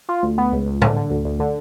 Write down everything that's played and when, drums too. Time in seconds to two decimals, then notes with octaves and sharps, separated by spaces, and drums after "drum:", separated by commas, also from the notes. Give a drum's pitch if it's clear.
0.09 F4
0.23 D2
0.38 B3
0.52 C#2
0.66 C#2
0.82 D3, drum: tom A2
0.96 D3
1.10 D2
1.25 D2
1.40 D3